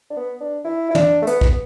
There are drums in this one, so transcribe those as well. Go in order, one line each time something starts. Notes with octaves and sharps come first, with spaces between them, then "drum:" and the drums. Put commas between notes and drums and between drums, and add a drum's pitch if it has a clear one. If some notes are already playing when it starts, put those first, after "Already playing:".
D4
B3
D4
E4
E4
D4, drum: tom
A3
B3, drum: hi-hat
drum: kick